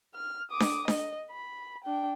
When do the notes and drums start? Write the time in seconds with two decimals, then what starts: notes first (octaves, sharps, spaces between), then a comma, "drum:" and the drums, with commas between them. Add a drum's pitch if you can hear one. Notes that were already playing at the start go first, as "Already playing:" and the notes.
0.14 F6
0.51 D6 D#6
0.60 drum: snare D4
0.88 D#5, drum: snare D4
1.30 B5
1.84 D4 G5